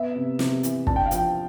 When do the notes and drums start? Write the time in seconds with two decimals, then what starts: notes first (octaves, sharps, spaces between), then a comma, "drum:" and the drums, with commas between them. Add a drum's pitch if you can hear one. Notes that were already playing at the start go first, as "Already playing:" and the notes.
Already playing: B3 E5
0.15 C3
0.39 C3, drum: snare
0.63 E3, drum: hi-hat
0.87 D4 A5, drum: kick
0.96 G5
1.06 F5
1.11 F3 G5, drum: hi-hat